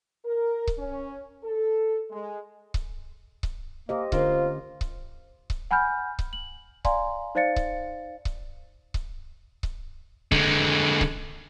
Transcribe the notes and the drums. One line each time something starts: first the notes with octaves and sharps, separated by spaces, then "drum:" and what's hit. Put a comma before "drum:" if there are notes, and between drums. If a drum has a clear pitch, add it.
A#4
drum: kick C#1
C#4
A4
G#3
drum: kick C#1
drum: kick C#1
A#3 G4 C5 D#5
D3 A3 A#3 C4 C#4 F4, drum: kick C#1
drum: kick C#1
drum: kick C#1
F#5 G#5 B5 F6 G6
drum: kick C#1
F#7
D5 F5 G#5 A#5 C6, drum: kick C#1
D#4 C5 D5 F5 A6 C#7
drum: kick C#1
drum: kick C#1
drum: kick C#1
drum: kick C#1
D3 G#3, drum: kick C#1
drum: kick C#1